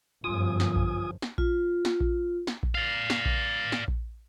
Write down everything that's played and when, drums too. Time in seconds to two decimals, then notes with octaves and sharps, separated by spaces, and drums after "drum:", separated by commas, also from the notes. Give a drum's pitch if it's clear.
0.24 G1 F#2 F3 F4 G#5 D#6
0.60 drum: snare
0.76 drum: kick A#1
1.22 drum: snare
1.38 F4, drum: kick A#1
1.85 drum: snare
2.00 drum: kick A#1
2.47 drum: snare
2.63 drum: kick A#1
2.75 D5 F5
3.10 drum: snare
3.25 drum: kick A#1
3.72 drum: snare
3.88 drum: kick A#1